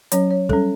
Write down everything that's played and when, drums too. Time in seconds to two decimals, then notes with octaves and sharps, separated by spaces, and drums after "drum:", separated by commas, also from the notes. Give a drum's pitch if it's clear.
0.12 F#3 C#4 C#5, drum: hi-hat
0.31 C#5
0.49 G3 C#4 A4, drum: kick